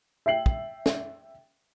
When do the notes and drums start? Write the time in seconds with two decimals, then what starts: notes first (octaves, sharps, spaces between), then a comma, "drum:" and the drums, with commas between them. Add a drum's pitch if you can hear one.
0.26 E5 G5 C7 F#7
0.46 drum: kick
0.86 drum: snare